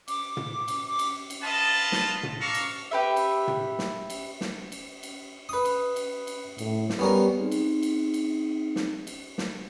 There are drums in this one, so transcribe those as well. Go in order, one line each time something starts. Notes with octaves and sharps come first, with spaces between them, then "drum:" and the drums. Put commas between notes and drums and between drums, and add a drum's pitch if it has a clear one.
D6, drum: cymbal
drum: tom
drum: cymbal
D6
drum: cymbal
drum: cymbal
F4 B4 D#5 A5
drum: snare
drum: tom
D4 A4 F5 A#5 C#6
drum: cymbal
G4 B4 E5
drum: cymbal
drum: tom
drum: snare
drum: cymbal
drum: snare
drum: cymbal
drum: cymbal
B4 D#6
drum: cymbal
drum: cymbal
drum: cymbal
A2, drum: cymbal
drum: snare
G3 B3 C#4 A#4
C4 D#4 G#4
drum: cymbal
drum: cymbal
drum: cymbal
drum: snare
drum: cymbal
drum: snare